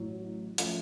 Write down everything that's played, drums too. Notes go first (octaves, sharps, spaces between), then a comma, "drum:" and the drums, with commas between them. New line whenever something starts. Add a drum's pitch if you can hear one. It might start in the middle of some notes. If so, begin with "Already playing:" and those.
Already playing: A1 A2 F#3
F3 A3 C#4, drum: hi-hat